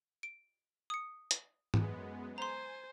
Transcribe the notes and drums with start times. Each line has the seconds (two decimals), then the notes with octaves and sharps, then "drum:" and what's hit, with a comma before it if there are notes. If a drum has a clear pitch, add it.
0.23 D7
0.90 D#6 C#7
1.31 drum: hi-hat
1.74 F#2 G#3 B3, drum: tom G#2
2.38 C5 G#5 A#5 C6